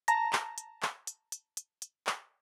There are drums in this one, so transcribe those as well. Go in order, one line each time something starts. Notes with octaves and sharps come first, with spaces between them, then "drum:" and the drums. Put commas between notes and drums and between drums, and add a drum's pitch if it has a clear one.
A5 A#5 A#6, drum: hi-hat
drum: clap
drum: hi-hat
drum: clap
drum: hi-hat
drum: hi-hat
drum: hi-hat
drum: hi-hat
drum: clap